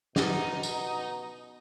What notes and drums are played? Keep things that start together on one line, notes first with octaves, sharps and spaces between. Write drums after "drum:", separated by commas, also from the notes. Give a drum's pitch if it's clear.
B2 D#4, drum: snare
drum: tambourine